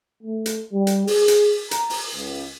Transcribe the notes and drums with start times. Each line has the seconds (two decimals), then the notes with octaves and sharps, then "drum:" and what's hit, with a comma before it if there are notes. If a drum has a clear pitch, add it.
0.23 A3
0.46 drum: hi-hat
0.73 G3
0.87 drum: hi-hat
1.07 G#4, drum: open hi-hat
1.28 drum: hi-hat
1.71 A#5, drum: hi-hat
1.90 drum: open hi-hat
2.15 C#2